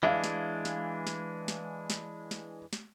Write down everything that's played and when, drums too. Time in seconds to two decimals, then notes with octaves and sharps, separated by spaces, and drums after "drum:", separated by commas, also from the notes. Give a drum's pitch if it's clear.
0.03 E3 G#3 D4 E5 F5
0.24 drum: snare
0.65 drum: snare
1.07 drum: snare
1.48 drum: snare
1.90 drum: snare
2.31 drum: snare
2.73 drum: snare